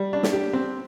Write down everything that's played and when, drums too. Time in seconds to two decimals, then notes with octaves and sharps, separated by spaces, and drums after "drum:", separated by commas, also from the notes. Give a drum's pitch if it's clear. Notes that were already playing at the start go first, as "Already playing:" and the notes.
Already playing: G3
0.13 D4
0.23 drum: snare
0.33 G4
0.53 C4